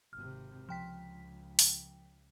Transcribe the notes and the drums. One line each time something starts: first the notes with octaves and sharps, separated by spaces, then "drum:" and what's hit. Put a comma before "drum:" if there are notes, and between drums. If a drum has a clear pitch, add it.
G#1 C3 F6
C#2 F3 G5 B6
drum: open hi-hat